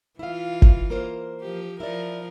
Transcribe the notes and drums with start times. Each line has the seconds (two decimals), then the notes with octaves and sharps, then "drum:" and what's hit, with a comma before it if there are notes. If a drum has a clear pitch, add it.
0.19 E3 E4 F4 F5
0.62 drum: kick G1
0.90 A#3 A#4 C5
1.41 F3 G4
1.80 F3 E4 A#4 D5